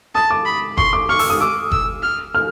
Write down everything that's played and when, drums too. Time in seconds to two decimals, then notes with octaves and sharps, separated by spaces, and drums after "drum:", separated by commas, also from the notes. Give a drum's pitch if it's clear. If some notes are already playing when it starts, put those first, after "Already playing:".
0.15 A5 D#6
0.31 D6
0.45 B5
0.78 C6 C#6, drum: kick F#1
0.93 D6
1.09 C#6 F6
1.19 E6, drum: open hi-hat
1.30 D#6
1.40 D6 E6
1.72 E6, drum: kick F#1
2.03 F6
2.35 F6